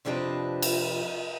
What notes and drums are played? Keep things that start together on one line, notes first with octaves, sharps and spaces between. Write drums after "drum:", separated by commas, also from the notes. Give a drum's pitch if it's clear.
F2 C3 F3 D4 B4 D#5
drum: cymbal